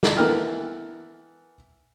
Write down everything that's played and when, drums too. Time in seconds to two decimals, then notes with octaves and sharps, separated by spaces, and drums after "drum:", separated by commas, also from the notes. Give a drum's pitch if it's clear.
0.03 drum: snare
0.17 E3 B3 A4 A#4 G5 F6